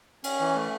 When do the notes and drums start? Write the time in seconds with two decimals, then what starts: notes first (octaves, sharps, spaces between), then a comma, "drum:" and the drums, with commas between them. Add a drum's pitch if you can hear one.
0.24 C#4, drum: cymbal
0.40 E3
0.55 A3